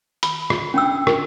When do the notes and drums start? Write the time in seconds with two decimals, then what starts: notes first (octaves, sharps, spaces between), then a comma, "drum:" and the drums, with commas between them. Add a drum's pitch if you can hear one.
0.23 B5, drum: hi-hat
0.50 drum: rim click
0.74 C#4 D4 G5 E6
1.07 A#4, drum: rim click